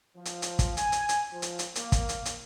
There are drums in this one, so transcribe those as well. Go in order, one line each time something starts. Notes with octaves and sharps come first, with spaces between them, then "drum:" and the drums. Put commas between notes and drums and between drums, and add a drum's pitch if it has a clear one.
F3
drum: hi-hat
drum: hi-hat
drum: kick, hi-hat
G#5, drum: hi-hat
drum: hi-hat
drum: hi-hat
F3
drum: hi-hat
drum: hi-hat
A#3, drum: hi-hat
drum: kick, hi-hat
drum: hi-hat
drum: hi-hat